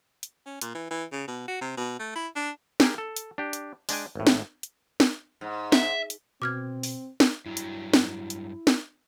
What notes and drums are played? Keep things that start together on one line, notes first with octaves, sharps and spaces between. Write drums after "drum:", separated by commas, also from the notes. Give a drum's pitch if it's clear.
drum: hi-hat
C#4
A#2, drum: hi-hat
E3
E3
C#3
B2
F#4
C3
B2
A3
E4
D4
G4 G#4 A#4, drum: snare
A4
drum: hi-hat
D4 G4
drum: hi-hat
G#3 D4 G5 G#5, drum: open hi-hat
G#1 A2
drum: snare
drum: hi-hat
drum: snare
G#2
E5, drum: snare
drum: hi-hat
B2 C4 D6 F6 G#6
drum: open hi-hat
drum: snare
G2 F#3 E4
drum: hi-hat
drum: snare
drum: hi-hat
drum: snare